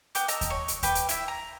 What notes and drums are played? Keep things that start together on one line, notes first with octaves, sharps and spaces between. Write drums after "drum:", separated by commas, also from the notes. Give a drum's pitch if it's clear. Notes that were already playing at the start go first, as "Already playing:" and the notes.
B3 G5 D6, drum: hi-hat
D#5 A5 A#5 E6, drum: hi-hat
drum: kick D#2, hi-hat
C#5
drum: hi-hat
B4 G5 D6, drum: kick D#2, hi-hat
drum: hi-hat
E4 E5, drum: hi-hat
A#5